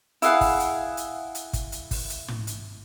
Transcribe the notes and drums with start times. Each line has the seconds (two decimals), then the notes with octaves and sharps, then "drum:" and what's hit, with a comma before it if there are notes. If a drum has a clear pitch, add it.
0.22 E4 G#4 F5 F#5, drum: hi-hat
0.41 drum: kick, open hi-hat
0.60 drum: hi-hat
0.97 drum: hi-hat
1.35 drum: hi-hat
1.53 drum: kick, hi-hat
1.72 drum: hi-hat
1.91 drum: kick, open hi-hat
2.10 drum: hi-hat
2.28 drum: tom
2.47 drum: hi-hat